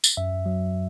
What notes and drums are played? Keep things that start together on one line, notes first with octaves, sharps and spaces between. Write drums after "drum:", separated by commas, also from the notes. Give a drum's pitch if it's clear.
drum: tambourine
F#2 E5
F#3